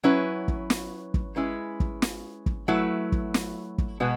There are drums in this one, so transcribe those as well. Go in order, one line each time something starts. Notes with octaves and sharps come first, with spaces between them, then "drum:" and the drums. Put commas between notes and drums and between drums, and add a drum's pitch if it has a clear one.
F#3 C#4 E4 B4
drum: kick
drum: snare
drum: kick
G#3 C#4 E4 B4
drum: kick
drum: snare
drum: kick
F#3 A3 E4 B4
drum: kick
drum: snare
drum: kick
B2 G#3 B3 F#4 B4